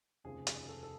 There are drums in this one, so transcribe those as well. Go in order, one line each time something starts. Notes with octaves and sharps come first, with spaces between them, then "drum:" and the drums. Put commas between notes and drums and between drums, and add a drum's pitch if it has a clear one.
F1 D#2 C#3 F3 G#4
G#4, drum: hi-hat
A4
A4